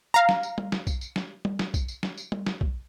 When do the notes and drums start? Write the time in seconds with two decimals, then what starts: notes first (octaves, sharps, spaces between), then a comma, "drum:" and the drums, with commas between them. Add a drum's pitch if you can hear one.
0.14 F5 A#5
0.29 drum: snare
0.43 drum: tambourine
0.58 drum: tom G3
0.72 drum: snare
0.87 drum: kick, tambourine
1.01 drum: tambourine
1.16 drum: snare
1.45 drum: tom G3
1.59 drum: snare
1.74 drum: kick, tambourine
1.88 drum: tambourine
2.03 drum: snare
2.17 drum: tambourine
2.32 drum: tom G3
2.47 drum: snare
2.61 drum: kick